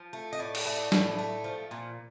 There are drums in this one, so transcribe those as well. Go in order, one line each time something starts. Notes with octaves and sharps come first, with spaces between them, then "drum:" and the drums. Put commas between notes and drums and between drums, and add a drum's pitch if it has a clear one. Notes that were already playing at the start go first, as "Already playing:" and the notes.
Already playing: F3
A3
D#5
A2 D5
drum: cymbal
A3
A2, drum: snare
A3
F3
A#2